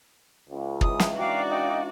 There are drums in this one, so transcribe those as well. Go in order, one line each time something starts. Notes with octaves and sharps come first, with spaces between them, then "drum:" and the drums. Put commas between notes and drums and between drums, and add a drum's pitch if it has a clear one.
C#2
G#2 C#3 E3 D#6, drum: kick
drum: snare
D4 F#4 D5 F5 G5 A#5 D6
D#4 D#5 F5 G5